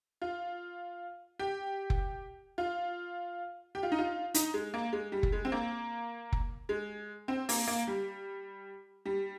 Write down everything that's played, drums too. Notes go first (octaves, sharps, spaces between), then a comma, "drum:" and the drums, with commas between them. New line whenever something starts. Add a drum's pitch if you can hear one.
F4
G4
drum: kick
F4
G4
F4
D#4
F4
D#4, drum: hi-hat
G#3
A#3
G#3
G3
drum: kick
G#3
C4
A#3
drum: kick
G#3
C4
A#3, drum: open hi-hat
A#3
G3
G3